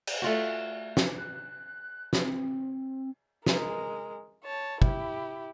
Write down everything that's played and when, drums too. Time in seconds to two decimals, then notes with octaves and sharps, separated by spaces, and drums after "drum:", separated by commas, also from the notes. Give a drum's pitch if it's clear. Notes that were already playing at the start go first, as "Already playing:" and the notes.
0.07 drum: cymbal
0.22 A3 F4 F#4
0.97 drum: snare
1.18 F#6
2.13 drum: snare
2.23 C4
3.46 G#3 A#4, drum: snare
4.44 C#5 A5
4.82 E4 G4, drum: kick